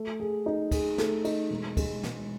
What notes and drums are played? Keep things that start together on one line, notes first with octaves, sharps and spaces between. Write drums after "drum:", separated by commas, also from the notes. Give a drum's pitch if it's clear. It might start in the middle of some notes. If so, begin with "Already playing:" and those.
Already playing: A3
G#4
D#4
G#4, drum: kick, cymbal
A3, drum: snare
D#4, drum: cymbal
E1
G#3, drum: kick, cymbal
E1, drum: snare